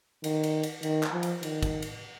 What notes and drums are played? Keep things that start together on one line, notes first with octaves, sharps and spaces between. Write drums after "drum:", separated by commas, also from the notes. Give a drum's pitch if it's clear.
D#3, drum: cymbal
drum: cymbal
drum: cymbal
D#3, drum: cymbal
drum: clap
F3
drum: cymbal
D#3, drum: cymbal
drum: kick, cymbal
drum: cymbal